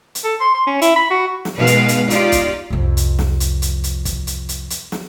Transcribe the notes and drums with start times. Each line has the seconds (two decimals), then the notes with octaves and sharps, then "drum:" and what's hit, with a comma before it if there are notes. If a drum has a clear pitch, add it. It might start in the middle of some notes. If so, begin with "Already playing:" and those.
0.15 drum: hi-hat
0.24 A4
0.40 C6
0.54 C6
0.66 C#4
0.82 E4, drum: hi-hat
0.96 B5
1.10 F#4
1.45 drum: snare
1.57 B2 D#3 G#3 B4 F5
1.67 drum: hi-hat
1.88 drum: hi-hat
2.10 D#4 F4 G4 D5, drum: hi-hat
2.32 drum: kick, hi-hat
2.70 C2 F2
2.97 drum: hi-hat
3.19 drum: snare
3.40 drum: hi-hat
3.62 drum: hi-hat
3.84 drum: hi-hat
4.05 drum: kick, hi-hat
4.27 drum: hi-hat
4.49 drum: hi-hat
4.70 drum: hi-hat
4.92 drum: snare